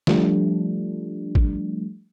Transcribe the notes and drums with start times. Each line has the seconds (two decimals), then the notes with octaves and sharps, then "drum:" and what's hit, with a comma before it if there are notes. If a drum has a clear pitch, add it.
0.07 F3 G3 A3 D4, drum: snare
1.35 drum: kick